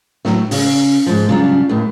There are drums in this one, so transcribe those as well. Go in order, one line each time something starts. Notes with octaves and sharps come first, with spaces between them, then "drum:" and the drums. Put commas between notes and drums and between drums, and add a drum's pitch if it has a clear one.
A2 F#3, drum: snare
C#3, drum: open hi-hat
G#2 F3
C#3 F#3 G3 D4 F4
D#2 A2